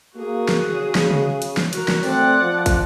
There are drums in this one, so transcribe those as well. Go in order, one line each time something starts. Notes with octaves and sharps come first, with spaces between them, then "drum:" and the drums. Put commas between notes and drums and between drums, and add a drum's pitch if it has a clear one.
A#3 F#4 G#4
drum: snare
C#3
drum: snare
drum: tom C3
drum: hi-hat
drum: snare
F#4 A#4, drum: hi-hat
drum: snare
A3 C4 D5 F#5, drum: open hi-hat
F3
drum: kick, hi-hat